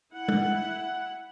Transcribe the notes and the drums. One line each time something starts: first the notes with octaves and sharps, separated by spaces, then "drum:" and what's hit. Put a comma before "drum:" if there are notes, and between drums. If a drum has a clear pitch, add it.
E4 F#5
drum: tom